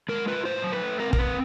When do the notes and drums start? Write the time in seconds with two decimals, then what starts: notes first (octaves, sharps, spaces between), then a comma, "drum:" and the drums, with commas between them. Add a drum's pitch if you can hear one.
0.09 G#3 A#4
0.27 F4 B4
0.45 A2 C5
0.64 F#3
0.73 B4
0.82 A3
1.00 C4 A#4
1.13 A#4, drum: kick
1.19 C4 B4